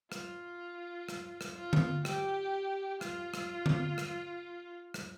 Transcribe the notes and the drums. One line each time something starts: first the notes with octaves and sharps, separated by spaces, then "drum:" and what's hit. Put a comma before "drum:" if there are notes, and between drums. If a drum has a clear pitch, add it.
F4, drum: rim click
drum: rim click
drum: rim click
F4
drum: tom D3
G4, drum: rim click
F4, drum: rim click
drum: rim click
drum: tom D3
drum: rim click
drum: rim click